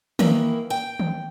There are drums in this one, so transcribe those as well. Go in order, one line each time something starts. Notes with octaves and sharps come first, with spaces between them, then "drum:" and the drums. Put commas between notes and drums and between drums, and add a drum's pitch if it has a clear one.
D#3 E3 A#3 E4, drum: tom D#3
G5
drum: tom D#3